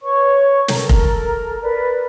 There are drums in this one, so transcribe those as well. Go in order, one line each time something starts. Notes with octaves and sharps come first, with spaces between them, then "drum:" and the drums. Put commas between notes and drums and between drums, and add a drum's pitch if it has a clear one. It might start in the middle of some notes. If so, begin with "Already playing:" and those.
B4 C#5 C#6
A4 A#4 A#5, drum: snare
drum: kick F1
A#4 B4 D5